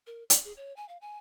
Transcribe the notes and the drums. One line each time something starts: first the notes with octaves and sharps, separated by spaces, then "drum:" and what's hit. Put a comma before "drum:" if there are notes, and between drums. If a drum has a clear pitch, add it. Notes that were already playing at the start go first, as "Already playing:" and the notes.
A#4
D5, drum: hi-hat
G#4
C#5
G#5
F5
G#5